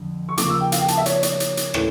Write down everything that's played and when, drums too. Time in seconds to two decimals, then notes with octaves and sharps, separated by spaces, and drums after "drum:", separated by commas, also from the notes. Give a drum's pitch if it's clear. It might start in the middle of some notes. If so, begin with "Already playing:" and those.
Already playing: F2 D3
0.29 C#6
0.37 C#3 F3 A#3 D6, drum: hi-hat
0.49 E6
0.61 G5
0.72 F5, drum: hi-hat
0.80 G5
0.88 A5, drum: hi-hat
0.97 E5
1.06 C#5, drum: hi-hat
1.23 C#5, drum: hi-hat
1.40 drum: hi-hat
1.57 drum: hi-hat
1.74 A2 E3 A3 C#4, drum: rim click